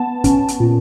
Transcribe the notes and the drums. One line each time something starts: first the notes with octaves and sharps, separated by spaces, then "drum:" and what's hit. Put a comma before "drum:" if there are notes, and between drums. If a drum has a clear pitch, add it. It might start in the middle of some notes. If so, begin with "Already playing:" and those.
Already playing: B3 A5
C#4, drum: kick, hi-hat
drum: hi-hat
A#2